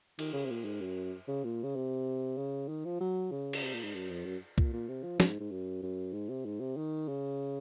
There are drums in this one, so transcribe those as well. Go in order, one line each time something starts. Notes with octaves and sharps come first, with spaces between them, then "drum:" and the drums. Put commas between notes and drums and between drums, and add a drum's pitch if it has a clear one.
D#3, drum: cymbal
C#3
C3
A#2
G#2
F#2
C#3
A#2
C#3
C3
C#3
D#3
F3
F#3
C#3
drum: cymbal
C3
A#2
G#2
F#2
F2
F#2
A#2, drum: kick C2
A#2
C3
F3
G#2, drum: snare
G#2
F#2
F#2
G#2
C3
G#2
C3
D#3
C#3